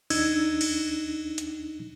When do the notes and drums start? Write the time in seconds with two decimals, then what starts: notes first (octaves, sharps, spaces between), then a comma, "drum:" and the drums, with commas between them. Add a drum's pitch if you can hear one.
0.10 D#2 D4 D#4 E6 G#6, drum: cymbal
0.61 drum: cymbal
1.38 drum: hi-hat